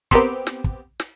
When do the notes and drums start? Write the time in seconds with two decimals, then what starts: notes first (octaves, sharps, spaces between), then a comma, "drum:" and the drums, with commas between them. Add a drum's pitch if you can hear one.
0.11 B3 C4 G4 A#4 A5 C6, drum: kick
0.47 drum: snare
0.64 drum: kick
1.00 drum: snare